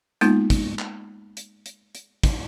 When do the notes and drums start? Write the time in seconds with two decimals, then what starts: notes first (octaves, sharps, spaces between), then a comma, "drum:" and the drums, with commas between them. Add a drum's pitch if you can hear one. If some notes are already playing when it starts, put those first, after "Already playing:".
0.21 G#3 A#3 B3 D#4 F4, drum: hi-hat
0.50 drum: kick, hi-hat
0.79 drum: clap
1.37 drum: hi-hat
1.66 drum: hi-hat
1.95 drum: hi-hat
2.24 drum: kick, hi-hat